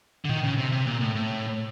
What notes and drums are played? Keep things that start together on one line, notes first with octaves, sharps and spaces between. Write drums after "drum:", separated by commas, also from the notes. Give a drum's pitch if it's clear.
D3
D#3, drum: tom A2
C#3
C3
C3
A#2
A2
A2